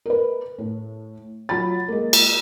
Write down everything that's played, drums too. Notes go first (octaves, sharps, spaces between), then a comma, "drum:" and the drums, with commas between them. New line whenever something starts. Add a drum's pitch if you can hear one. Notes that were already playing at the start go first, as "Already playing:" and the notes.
A#4 B4
A2
F#3 F4 B5 A6
G#3 A#3
drum: cymbal